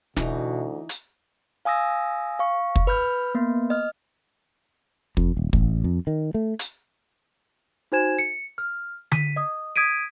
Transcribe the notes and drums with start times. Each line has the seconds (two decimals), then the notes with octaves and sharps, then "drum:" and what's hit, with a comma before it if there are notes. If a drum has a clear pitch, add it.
0.17 D2 B2 E3 D#4, drum: snare
0.89 drum: hi-hat
1.65 F5 G#5 D#6 E6 A#6
2.39 F5 C#6
2.76 drum: kick
2.87 B4 B5 F6 G6
3.35 A#3 B3
3.70 D#5 F6
5.17 F2, drum: kick
5.37 D#1
5.53 A1, drum: kick
5.84 F2
6.07 D#3
6.34 A3
6.59 drum: hi-hat
7.92 D#4 F#4 C5 G#5 G#6 E7
8.19 C#7
8.58 F6
9.12 B6 D#7, drum: tom D3
9.36 D#5 D#6
9.76 D#6 G#6 B6 D7 D#7